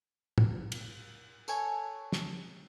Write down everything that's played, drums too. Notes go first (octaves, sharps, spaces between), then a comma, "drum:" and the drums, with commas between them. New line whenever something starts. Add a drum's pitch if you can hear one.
drum: tom
drum: cymbal
A4 C#5 G#5, drum: tambourine
drum: snare